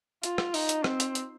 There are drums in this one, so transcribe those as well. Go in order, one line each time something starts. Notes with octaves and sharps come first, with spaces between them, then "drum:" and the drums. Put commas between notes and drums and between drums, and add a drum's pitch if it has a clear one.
F4, drum: hi-hat
drum: rim click
D#4, drum: open hi-hat
drum: hi-hat
C4, drum: rim click
drum: hi-hat
drum: hi-hat